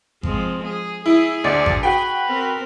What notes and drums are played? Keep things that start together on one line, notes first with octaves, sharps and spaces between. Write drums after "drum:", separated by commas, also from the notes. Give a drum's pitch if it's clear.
F3 G#3 C4, drum: kick G#1
G#4
E4 G#4
D2 D5
drum: kick G#1
F#4 B4 G5
C4 A#4